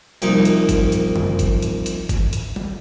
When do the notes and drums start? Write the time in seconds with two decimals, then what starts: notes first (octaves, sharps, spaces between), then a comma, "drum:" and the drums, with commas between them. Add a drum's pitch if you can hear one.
0.22 C2 F3 A#3 D#4, drum: hi-hat
0.45 drum: hi-hat
0.69 drum: kick, hi-hat
0.92 drum: hi-hat
1.16 drum: tom
1.39 drum: kick, hi-hat
1.62 drum: hi-hat
1.86 drum: hi-hat
2.09 drum: kick, hi-hat
2.33 drum: hi-hat
2.56 drum: tom G3